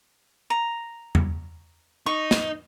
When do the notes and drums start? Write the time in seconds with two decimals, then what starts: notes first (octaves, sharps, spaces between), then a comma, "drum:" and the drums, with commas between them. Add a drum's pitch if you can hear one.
0.50 A#5
1.15 drum: tom E2
2.06 D#4 C#6
2.31 drum: snare